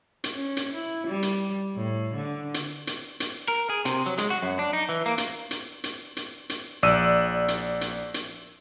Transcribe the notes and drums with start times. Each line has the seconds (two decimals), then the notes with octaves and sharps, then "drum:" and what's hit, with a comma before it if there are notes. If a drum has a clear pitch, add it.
0.24 drum: hi-hat
0.33 C#4
0.57 drum: hi-hat
0.73 E4
1.08 G3
1.23 drum: hi-hat
1.75 A2
2.15 D3
2.54 drum: hi-hat
2.87 drum: hi-hat
3.20 drum: hi-hat
3.48 A#4
3.70 G#4
3.85 C3, drum: hi-hat
4.06 F#3
4.18 G#3, drum: hi-hat
4.30 F#4
4.42 F#2
4.59 D4
4.73 D#4
4.89 E3
5.06 A#3
5.18 drum: hi-hat
5.51 drum: hi-hat
5.84 drum: hi-hat
6.17 drum: hi-hat
6.50 drum: hi-hat
6.83 A#1 D5 E6 D#7
7.48 drum: hi-hat
7.81 drum: hi-hat
8.14 drum: hi-hat